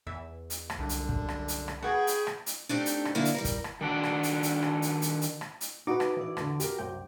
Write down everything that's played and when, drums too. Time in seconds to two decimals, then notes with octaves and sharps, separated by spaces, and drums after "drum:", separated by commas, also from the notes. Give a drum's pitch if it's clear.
0.07 E2 E5
0.50 drum: hi-hat
0.70 drum: rim click
0.79 C2 F#2 D3 D4
0.89 drum: hi-hat
1.09 drum: kick
1.29 drum: rim click
1.48 drum: hi-hat
1.68 drum: rim click
1.82 B3 F#4 G#4 G5 B5 C#6
2.07 drum: hi-hat
2.27 drum: rim click
2.46 drum: hi-hat
2.69 A3 C4 D4 D#4 G4 A4
2.86 drum: hi-hat
3.05 drum: rim click
3.15 D3 F#3 A#3 D4 E4
3.25 drum: hi-hat
3.35 G3 A#4
3.45 drum: kick, hi-hat
3.64 drum: rim click
3.81 D#3 D4 F#4 D5
4.04 drum: rim click
4.23 drum: hi-hat
4.43 drum: hi-hat
4.62 drum: rim click
4.82 drum: hi-hat
5.02 drum: hi-hat
5.21 drum: hi-hat
5.41 drum: rim click
5.61 drum: hi-hat
5.87 D#4 F#4 B4 D6
6.00 drum: rim click
6.17 E3 D5
6.37 E2 D3, drum: rim click
6.60 G4 A#4, drum: hi-hat
6.79 C2 F#2 G5